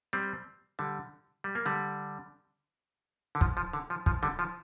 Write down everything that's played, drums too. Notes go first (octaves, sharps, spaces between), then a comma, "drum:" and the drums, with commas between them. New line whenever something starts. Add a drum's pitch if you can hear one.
G3 C4
D3 G3
G3
A#3
D3 G3
D3
F3, drum: kick
F3
D3
F3
F3, drum: kick
D3 G3
F3